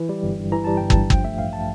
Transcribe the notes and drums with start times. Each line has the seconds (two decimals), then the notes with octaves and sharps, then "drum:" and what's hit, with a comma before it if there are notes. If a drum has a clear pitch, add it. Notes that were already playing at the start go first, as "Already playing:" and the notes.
Already playing: E3
0.09 G3
0.23 G1
0.38 G2
0.52 E3 A#5
0.64 G3 A5
0.77 G1 G5
0.90 A5, drum: kick
0.96 G2
1.10 F3 G5, drum: kick
1.25 A3 E5
1.39 A1 F5
1.53 A5